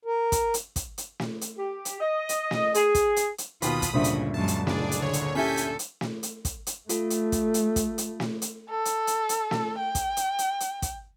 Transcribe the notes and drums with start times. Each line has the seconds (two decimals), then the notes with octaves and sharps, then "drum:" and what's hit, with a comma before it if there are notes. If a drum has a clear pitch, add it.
0.05 A#4
0.32 drum: kick, hi-hat
0.54 drum: hi-hat
0.76 drum: kick, hi-hat
0.98 drum: hi-hat
1.20 drum: snare
1.41 drum: hi-hat
1.58 G4
1.85 drum: hi-hat
2.00 D#5
2.29 drum: hi-hat
2.51 drum: snare
2.75 G#4, drum: hi-hat
2.95 drum: kick, hi-hat
3.16 drum: hi-hat
3.38 drum: hi-hat
3.62 D#2 B2 F4 B5 D#6, drum: hi-hat
3.82 drum: kick, hi-hat
3.94 D2 G2 A#2 C#3 C5 E5
4.04 drum: hi-hat
4.34 F#2 G#3 A5
4.48 drum: hi-hat
4.67 F#1 D4 G#4 D5, drum: snare
4.91 drum: hi-hat
5.02 D3 C#5
5.13 drum: hi-hat
5.35 C#4 E4 G4 A4 G#5 G6 B6
5.57 drum: hi-hat
5.79 drum: hi-hat
6.01 drum: snare
6.23 drum: hi-hat
6.45 drum: kick, hi-hat
6.67 drum: hi-hat
6.89 A3 F4 A4, drum: hi-hat
7.10 drum: hi-hat
7.32 drum: kick, hi-hat
7.54 drum: hi-hat
7.76 drum: kick, hi-hat
7.98 drum: hi-hat
8.20 drum: snare
8.42 drum: hi-hat
8.70 A4
8.85 drum: hi-hat
9.07 drum: hi-hat
9.29 drum: hi-hat
9.51 drum: snare
9.78 G5
9.95 drum: kick, hi-hat
10.17 drum: hi-hat
10.39 drum: hi-hat
10.60 drum: hi-hat
10.82 drum: kick, hi-hat